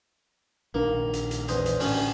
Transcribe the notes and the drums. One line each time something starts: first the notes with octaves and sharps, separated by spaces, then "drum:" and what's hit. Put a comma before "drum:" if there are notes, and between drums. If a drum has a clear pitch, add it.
A#1 D#3 A#3 D4
drum: hi-hat
drum: hi-hat
E2 C5 D#5, drum: hi-hat
drum: hi-hat
A2 D3 C#4, drum: open hi-hat